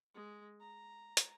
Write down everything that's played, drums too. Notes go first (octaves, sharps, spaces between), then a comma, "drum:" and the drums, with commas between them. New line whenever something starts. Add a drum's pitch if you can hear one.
G#3
A#5
drum: hi-hat